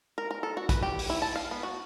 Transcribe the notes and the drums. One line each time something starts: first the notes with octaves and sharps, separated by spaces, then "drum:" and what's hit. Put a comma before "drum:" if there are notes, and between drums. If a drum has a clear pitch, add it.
A#4
A#4
A4
F#4
B4, drum: kick, hi-hat
G4
drum: open hi-hat
E4
A5
F5
B3
F#4